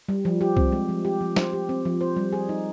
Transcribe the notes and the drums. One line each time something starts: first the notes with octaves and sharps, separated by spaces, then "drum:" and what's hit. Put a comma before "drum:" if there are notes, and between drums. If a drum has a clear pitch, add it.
G3
F3
G4
C4, drum: kick C2
G#3
F3
G4
F3
C5, drum: snare
G4
C4
F3
C5
G3
G#4
D#4